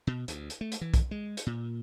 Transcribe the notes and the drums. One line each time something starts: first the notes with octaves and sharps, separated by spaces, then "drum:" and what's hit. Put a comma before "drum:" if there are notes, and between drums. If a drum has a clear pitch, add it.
B2
D2, drum: hi-hat
drum: hi-hat
A3
drum: hi-hat
E3
drum: kick B1, hi-hat
G#3
drum: hi-hat
A#2